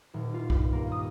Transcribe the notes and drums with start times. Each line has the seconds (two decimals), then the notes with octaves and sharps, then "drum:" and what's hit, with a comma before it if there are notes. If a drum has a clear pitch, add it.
0.14 D#1
0.34 F4
0.50 G2, drum: kick B1
0.73 A#3
0.92 D#6